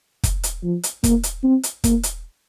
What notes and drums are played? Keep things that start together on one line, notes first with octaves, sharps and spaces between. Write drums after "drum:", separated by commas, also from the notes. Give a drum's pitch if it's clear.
drum: kick, hi-hat
drum: hi-hat
F3
drum: hi-hat
A#3, drum: kick, hi-hat
drum: hi-hat
C4
drum: hi-hat
A#3, drum: kick, hi-hat
drum: hi-hat